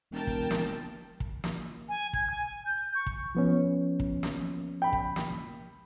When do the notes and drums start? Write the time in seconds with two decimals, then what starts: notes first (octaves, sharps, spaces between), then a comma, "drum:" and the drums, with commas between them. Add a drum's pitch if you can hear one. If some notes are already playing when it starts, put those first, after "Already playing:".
0.12 E1 A#4 G5 A5
0.27 drum: kick
0.51 drum: snare
1.20 drum: kick
1.44 drum: snare
1.88 G#5
2.13 G#6, drum: kick
2.30 G#5
2.66 G6
2.95 C#6
3.07 drum: kick
3.35 F3 B3 C#4
4.00 drum: kick
4.23 drum: snare
4.82 G5 B5
4.93 drum: kick
5.16 drum: snare